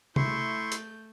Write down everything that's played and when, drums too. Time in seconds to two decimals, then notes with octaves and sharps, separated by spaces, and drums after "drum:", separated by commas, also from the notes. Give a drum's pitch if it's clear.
0.16 A3 E4 C6 C#6 G6, drum: tom C3
0.72 drum: hi-hat